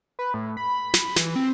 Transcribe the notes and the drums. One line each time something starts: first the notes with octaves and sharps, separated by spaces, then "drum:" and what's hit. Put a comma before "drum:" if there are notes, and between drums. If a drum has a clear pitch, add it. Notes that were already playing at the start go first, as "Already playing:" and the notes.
B4
A2
B5
drum: snare
E3, drum: snare
C4